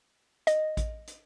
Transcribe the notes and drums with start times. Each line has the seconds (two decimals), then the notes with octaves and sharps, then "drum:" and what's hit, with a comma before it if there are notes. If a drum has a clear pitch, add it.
0.47 D#5, drum: hi-hat
0.77 drum: kick A1, hi-hat
1.07 drum: hi-hat